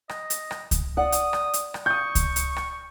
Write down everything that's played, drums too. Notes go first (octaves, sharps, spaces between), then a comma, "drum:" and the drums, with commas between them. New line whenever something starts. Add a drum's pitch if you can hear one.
D#5, drum: rim click
drum: hi-hat
drum: rim click
drum: kick C#2, hi-hat
D5 F#5 D#6
drum: hi-hat
drum: rim click
drum: hi-hat
drum: rim click
C#6 D#6 G6
drum: kick C#2, hi-hat
drum: hi-hat
drum: rim click